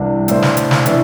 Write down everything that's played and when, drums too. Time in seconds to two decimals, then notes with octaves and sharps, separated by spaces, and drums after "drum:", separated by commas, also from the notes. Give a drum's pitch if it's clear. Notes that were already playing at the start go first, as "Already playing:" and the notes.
Already playing: C2 C3 E3 G3 D4
0.28 A2 A3 D4 A4 C5, drum: hi-hat
0.42 drum: snare
0.57 drum: hi-hat
0.71 drum: snare
0.86 E3 A3 D4, drum: hi-hat